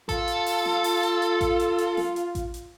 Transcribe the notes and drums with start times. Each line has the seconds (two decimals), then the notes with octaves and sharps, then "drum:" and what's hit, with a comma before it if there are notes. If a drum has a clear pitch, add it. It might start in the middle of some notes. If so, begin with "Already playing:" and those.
0.09 F4 A4, drum: kick A1, hi-hat
0.28 drum: hi-hat
0.46 drum: open hi-hat
0.65 drum: snare
0.84 drum: open hi-hat
1.03 drum: hi-hat
1.22 drum: hi-hat
1.41 drum: kick A1, hi-hat
1.60 drum: hi-hat
1.78 drum: hi-hat
1.97 drum: snare
2.16 drum: hi-hat
2.35 drum: kick A1, hi-hat
2.54 drum: hi-hat